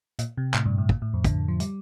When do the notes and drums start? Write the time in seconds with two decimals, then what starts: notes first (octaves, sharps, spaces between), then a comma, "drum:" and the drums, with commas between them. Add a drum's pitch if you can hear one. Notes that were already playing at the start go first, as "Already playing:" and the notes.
0.19 A#2, drum: hi-hat
0.37 C3
0.54 A2, drum: clap
0.66 G2
0.78 A2
0.89 A#2, drum: kick
1.02 A2
1.14 F2
1.24 D3, drum: kick, hi-hat
1.48 F3
1.60 G3, drum: hi-hat